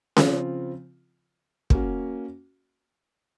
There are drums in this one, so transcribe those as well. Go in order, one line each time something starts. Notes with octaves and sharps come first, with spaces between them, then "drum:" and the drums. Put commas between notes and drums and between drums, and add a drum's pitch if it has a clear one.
C#3 F3 C4 F4, drum: snare C#4
A#3 C#4 F#4, drum: kick